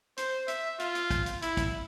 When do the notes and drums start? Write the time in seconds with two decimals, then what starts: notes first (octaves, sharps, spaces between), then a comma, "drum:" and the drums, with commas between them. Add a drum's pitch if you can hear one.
0.17 C5, drum: hi-hat
0.48 E5, drum: hi-hat
0.79 F4, drum: hi-hat
0.95 drum: hi-hat
1.11 drum: kick, hi-hat
1.26 drum: hi-hat
1.42 E4, drum: hi-hat
1.57 drum: kick, hi-hat